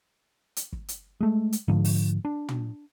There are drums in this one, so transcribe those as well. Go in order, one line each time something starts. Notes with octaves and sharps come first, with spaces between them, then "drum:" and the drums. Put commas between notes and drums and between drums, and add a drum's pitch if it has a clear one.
drum: hi-hat
drum: kick
drum: hi-hat
G#3 A3
drum: hi-hat
G#2 D3 F3
drum: open hi-hat
D4
drum: tom